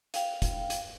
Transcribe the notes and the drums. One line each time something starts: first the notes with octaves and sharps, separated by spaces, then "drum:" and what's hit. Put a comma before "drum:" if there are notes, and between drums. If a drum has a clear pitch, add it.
F5 G5, drum: hi-hat
drum: kick, hi-hat
drum: hi-hat